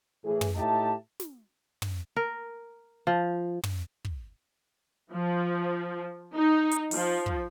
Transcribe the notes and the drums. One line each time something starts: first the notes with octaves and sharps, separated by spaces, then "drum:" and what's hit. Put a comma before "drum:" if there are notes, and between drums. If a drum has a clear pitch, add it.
A2 E3 G#4
drum: tom
A2 D#4 G4 E5 A5
drum: snare
drum: tom
A#4
F3
drum: tom
drum: kick
F3
D#4
drum: hi-hat
F3, drum: open hi-hat
drum: kick